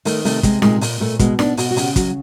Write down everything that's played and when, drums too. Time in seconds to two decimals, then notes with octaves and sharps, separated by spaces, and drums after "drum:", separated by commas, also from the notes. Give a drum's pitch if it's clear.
0.05 D#3 A3, drum: open hi-hat
0.25 C3 A3, drum: open hi-hat
0.43 C3 G#3, drum: kick, hi-hat
0.62 A#2 G#3, drum: snare D#4
0.81 A#2, drum: open hi-hat
1.00 A#2 A3
1.19 B2 G#3, drum: kick, hi-hat
1.39 B2 D4, drum: snare D#4
1.57 B2 F#4, drum: open hi-hat
1.71 F#4
1.76 C#3 G4, drum: open hi-hat
1.96 F#3 F#4, drum: kick, hi-hat